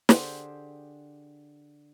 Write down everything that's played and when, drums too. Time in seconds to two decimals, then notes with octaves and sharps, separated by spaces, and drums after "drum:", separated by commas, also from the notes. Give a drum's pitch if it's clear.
0.09 D3 G4 G#4 C5, drum: snare